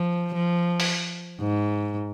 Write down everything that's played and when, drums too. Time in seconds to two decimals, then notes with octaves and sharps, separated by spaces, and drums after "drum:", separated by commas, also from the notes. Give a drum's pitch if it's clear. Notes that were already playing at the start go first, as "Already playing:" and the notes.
Already playing: F3
0.34 F3
0.80 drum: open hi-hat
1.41 G#2